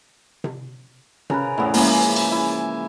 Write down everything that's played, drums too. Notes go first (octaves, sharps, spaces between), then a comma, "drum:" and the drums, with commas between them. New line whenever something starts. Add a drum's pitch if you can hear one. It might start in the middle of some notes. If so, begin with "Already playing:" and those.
drum: tom C3
C#3 A#4 B4, drum: tom C3
E2 A2 B3 E4
C#3 E3 F3 G#3 A#3 A#5, drum: open hi-hat
drum: cymbal
E4